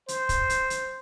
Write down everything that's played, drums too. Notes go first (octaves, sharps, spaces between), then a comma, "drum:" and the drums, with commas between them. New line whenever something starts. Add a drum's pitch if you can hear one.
C5, drum: hi-hat
drum: kick, hi-hat
drum: hi-hat
drum: hi-hat